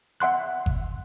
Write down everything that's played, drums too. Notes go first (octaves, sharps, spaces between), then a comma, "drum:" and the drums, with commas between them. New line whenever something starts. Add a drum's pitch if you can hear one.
E5 F#5 C6 F#6
drum: kick G1